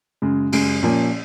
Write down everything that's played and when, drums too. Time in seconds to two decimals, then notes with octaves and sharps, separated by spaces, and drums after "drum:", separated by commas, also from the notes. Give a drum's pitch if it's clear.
0.22 F#2 C#3 G#3
0.52 F#2 C#3 G#3, drum: cymbal
0.83 A#2 F3 A#3 C#4